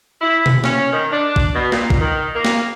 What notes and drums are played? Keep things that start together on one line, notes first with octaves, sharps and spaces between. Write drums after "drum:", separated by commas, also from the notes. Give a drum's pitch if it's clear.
E4
drum: tom B2
C#4, drum: snare
D#3
D4
drum: kick
B2
A#2, drum: snare
drum: kick
D#3
A#3
drum: snare